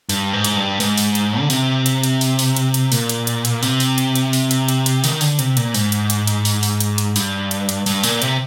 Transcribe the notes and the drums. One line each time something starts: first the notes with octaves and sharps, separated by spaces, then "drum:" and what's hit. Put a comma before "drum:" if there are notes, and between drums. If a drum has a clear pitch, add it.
G2, drum: open hi-hat
G#2
drum: hi-hat
G2
G#2, drum: open hi-hat
drum: open hi-hat
drum: hi-hat
D3
C3, drum: open hi-hat
drum: hi-hat
drum: hi-hat
drum: open hi-hat
drum: open hi-hat
drum: hi-hat
drum: hi-hat
A#2, drum: open hi-hat
drum: hi-hat
drum: hi-hat
drum: hi-hat
C3, drum: open hi-hat
drum: open hi-hat
drum: hi-hat
drum: hi-hat
drum: open hi-hat
drum: hi-hat
drum: hi-hat
drum: hi-hat
D#3, drum: open hi-hat
D3, drum: open hi-hat
C3, drum: hi-hat
A#2, drum: hi-hat
G#2, drum: open hi-hat
drum: hi-hat
drum: hi-hat
drum: hi-hat
drum: open hi-hat
drum: open hi-hat
drum: hi-hat
drum: hi-hat
G2, drum: open hi-hat
drum: hi-hat
drum: hi-hat
G2, drum: open hi-hat
A#2, drum: open hi-hat
C3, drum: hi-hat